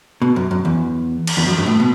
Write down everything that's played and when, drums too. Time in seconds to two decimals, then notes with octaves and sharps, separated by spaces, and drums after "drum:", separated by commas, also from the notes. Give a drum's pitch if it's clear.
0.22 B2
0.36 F#2
0.51 F#2
0.65 E2
1.27 drum: cymbal
1.37 E2
1.46 F#2
1.58 G2
1.66 A2
1.80 B2